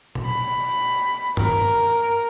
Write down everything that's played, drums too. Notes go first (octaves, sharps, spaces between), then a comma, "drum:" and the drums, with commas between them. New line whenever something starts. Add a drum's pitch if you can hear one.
drum: tom A#2
B5
A#4, drum: tom G2